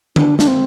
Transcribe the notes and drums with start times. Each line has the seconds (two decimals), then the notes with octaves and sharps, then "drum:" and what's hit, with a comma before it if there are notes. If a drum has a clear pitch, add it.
0.16 D4, drum: tom D3
0.39 D4, drum: snare
0.47 C4